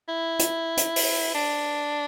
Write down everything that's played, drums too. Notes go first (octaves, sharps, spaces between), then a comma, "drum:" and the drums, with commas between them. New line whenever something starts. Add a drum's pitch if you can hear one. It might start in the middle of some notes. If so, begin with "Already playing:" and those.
E4
drum: hi-hat
drum: hi-hat
drum: open hi-hat
D4